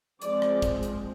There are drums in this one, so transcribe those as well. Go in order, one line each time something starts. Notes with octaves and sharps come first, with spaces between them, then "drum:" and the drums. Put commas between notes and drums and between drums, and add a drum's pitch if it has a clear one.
F3 G#3 C4 D5, drum: hi-hat
drum: rim click
drum: kick, hi-hat
drum: hi-hat